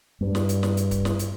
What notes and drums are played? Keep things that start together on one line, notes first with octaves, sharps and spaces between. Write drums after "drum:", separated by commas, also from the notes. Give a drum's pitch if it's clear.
G2
drum: snare
drum: hi-hat
drum: snare
drum: hi-hat
drum: kick C#1, hi-hat
drum: snare
drum: hi-hat